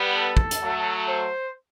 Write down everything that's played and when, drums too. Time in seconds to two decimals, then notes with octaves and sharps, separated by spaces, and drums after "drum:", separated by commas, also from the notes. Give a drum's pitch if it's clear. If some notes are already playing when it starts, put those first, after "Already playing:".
Already playing: G3 B3
0.16 A4
0.37 drum: kick
0.51 drum: hi-hat
0.61 F#3 A3
1.08 C5